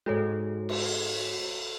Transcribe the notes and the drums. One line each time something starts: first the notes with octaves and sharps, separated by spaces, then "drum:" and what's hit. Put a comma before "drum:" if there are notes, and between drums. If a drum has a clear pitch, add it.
G#2 G#3 F#4 A4 C#5
drum: cymbal